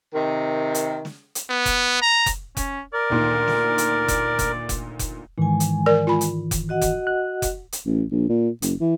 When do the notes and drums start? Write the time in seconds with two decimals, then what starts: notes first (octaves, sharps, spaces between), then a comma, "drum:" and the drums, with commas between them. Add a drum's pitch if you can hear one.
0.14 C3 D#3
0.74 drum: hi-hat
1.05 drum: snare
1.35 drum: hi-hat
1.50 B3
1.66 drum: kick F1, hi-hat
2.02 A#5
2.26 drum: kick F1, hi-hat
2.57 C#4, drum: kick F1, hi-hat
2.94 A#4 D5
3.10 D2 A#2 D#3
3.48 drum: snare
3.78 drum: hi-hat
4.08 drum: kick F1, hi-hat
4.39 drum: kick F1, hi-hat
4.69 drum: kick F1, hi-hat
4.99 drum: kick F1, hi-hat
5.38 G#2 D#3 E3 G#3 G#5
5.60 drum: hi-hat
5.86 A#4 D5
6.07 F4 B5
6.21 drum: hi-hat
6.51 drum: kick F1, hi-hat
6.69 F#4 D#5 F#5
6.81 drum: kick F1, hi-hat
7.07 F#6
7.42 drum: kick F1, hi-hat
7.72 drum: hi-hat
7.86 A1
8.11 A#1
8.30 A#2
8.62 F#1, drum: hi-hat
8.80 E3